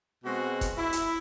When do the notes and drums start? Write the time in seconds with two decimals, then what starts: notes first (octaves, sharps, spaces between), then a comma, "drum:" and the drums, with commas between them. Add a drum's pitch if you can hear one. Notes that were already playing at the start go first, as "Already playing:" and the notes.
0.25 B2 G#3 C4 F#4
0.61 drum: kick F#1, hi-hat
0.77 E4
0.93 drum: hi-hat